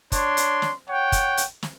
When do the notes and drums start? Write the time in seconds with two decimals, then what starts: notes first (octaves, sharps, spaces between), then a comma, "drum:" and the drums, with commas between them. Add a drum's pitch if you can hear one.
0.12 D4 C#5 C6, drum: kick, hi-hat
0.37 drum: hi-hat
0.62 drum: snare
0.88 C#5 F#5 G5
1.12 drum: kick, hi-hat
1.37 drum: hi-hat
1.63 drum: snare